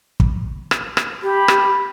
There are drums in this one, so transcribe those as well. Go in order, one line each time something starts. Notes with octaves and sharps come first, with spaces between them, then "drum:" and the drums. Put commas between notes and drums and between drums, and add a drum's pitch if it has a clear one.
drum: kick
drum: rim click
drum: rim click
G4 B5
drum: rim click